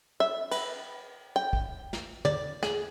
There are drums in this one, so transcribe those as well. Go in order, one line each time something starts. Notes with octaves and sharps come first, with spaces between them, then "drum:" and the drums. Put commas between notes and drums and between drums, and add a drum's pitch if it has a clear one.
E5
B4, drum: cymbal
G5
drum: kick
drum: snare
D5, drum: tom
G#4, drum: snare